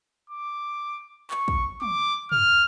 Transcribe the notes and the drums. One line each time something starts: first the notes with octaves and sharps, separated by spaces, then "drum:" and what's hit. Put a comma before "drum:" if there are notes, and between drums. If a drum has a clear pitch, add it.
D6
C#6, drum: clap
drum: kick
D6, drum: tom
F6, drum: tom